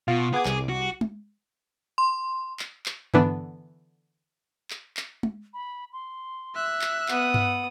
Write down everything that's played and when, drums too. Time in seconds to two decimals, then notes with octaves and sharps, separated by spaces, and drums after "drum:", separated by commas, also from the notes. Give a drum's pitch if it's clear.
0.08 B2 F4
0.33 B3 G#4 D6 G#6
0.45 C2 D6, drum: clap
0.69 F#4
1.01 drum: tom
1.98 C6
2.59 drum: clap
2.86 drum: clap
3.14 D3 E3 B3 D4, drum: tom G2
4.70 drum: clap
4.97 drum: clap
5.23 drum: tom
5.54 B5
5.93 C6
6.55 E5 F#6
6.82 drum: clap
7.08 B3 F#5 D#6, drum: clap
7.34 drum: tom G2